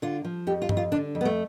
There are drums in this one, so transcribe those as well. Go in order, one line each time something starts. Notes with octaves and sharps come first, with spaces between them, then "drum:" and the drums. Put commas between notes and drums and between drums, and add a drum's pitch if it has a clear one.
D3 F4
F3
F2 G4
F4
F2, drum: tom G2
F4
D3 D4
F2
B3
A3